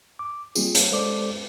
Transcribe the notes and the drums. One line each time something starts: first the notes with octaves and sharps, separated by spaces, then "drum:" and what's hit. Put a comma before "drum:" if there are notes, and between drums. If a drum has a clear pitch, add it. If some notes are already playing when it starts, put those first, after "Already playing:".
D6
G3 A#3 C4 F4 G#4, drum: tambourine
C#5, drum: hi-hat
G#3 A4 C5 D5 D6